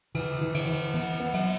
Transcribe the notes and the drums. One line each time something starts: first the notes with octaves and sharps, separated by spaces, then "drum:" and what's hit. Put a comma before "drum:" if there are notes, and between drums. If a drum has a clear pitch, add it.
C#3 E3, drum: cymbal
E3
D3, drum: cymbal
E3
E3 B3, drum: cymbal
B3
F#3, drum: cymbal